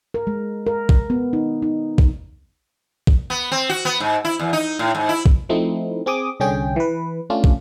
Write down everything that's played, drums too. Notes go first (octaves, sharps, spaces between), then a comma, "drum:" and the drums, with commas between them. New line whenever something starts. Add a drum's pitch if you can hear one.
A#4
G#3
A#4
drum: kick
B3
D#4
D#4
drum: kick
drum: kick
B3
C4
F#4
B3
G#2
E4
E2
D#4
A2
G#2
E4
drum: kick
F3 A3 C4 D#4 E4
C4 G#4 D6 D#6
C2 D3 C#4 G#4 G5
E3 B4
A3 C#4 D4 F4
drum: kick